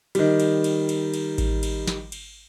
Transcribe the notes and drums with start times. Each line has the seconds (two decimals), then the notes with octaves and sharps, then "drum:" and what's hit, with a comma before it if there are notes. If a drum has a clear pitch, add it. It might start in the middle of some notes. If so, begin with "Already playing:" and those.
0.15 D#3 G3, drum: cymbal
0.40 drum: cymbal
0.64 drum: cymbal
0.89 drum: cymbal
1.14 drum: cymbal
1.38 drum: kick A1, cymbal
1.63 drum: cymbal
1.88 drum: snare
2.12 drum: cymbal